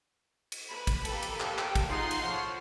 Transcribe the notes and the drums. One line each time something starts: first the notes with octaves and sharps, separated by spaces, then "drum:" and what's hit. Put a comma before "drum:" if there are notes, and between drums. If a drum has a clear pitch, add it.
drum: cymbal
B4 B5
drum: kick, cymbal
A#3 G4 A4, drum: cymbal
drum: cymbal
drum: clap
G5, drum: clap
drum: kick, cymbal
D#4 F4 G#4 F#5 C6
drum: cymbal
F3 F4 C#5